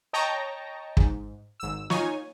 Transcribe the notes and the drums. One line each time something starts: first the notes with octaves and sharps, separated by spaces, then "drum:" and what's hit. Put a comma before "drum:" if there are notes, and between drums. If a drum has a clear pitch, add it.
C#5 D#5 G5 A5 A#5 C#6
G#2, drum: kick
G#1 E6
D#4 F4 C#5 G#5, drum: snare